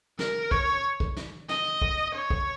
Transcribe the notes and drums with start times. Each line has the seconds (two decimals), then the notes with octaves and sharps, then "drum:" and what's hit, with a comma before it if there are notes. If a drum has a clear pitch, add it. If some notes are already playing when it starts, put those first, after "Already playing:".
0.19 A#4, drum: snare
0.51 C#5, drum: kick
1.00 drum: kick
1.17 drum: snare
1.49 D#5, drum: snare
1.82 drum: kick
2.15 C#5
2.30 drum: kick